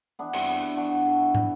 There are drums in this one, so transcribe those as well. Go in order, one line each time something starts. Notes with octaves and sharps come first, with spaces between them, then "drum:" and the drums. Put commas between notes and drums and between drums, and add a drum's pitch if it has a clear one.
E3 B3 D4
G2 C4 E4, drum: cymbal
G2 B3
G2
E3 D4 F#4
G2
G2 F#4 A4
E3
E3, drum: tom